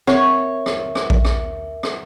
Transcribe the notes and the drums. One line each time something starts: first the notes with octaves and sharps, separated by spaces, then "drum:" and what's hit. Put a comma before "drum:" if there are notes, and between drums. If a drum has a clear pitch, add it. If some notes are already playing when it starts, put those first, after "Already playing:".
C4 A#4 C#5 E5, drum: rim click
drum: rim click
drum: rim click
drum: kick A#1
drum: rim click
drum: rim click